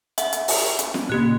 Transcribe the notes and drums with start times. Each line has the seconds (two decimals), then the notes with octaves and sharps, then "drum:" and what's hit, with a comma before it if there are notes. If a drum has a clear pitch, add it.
0.18 E5 F#5, drum: hi-hat
0.33 drum: hi-hat
0.48 drum: open hi-hat
0.79 drum: hi-hat
0.94 drum: snare
1.10 A#2 C#3 A#3 G4 F#6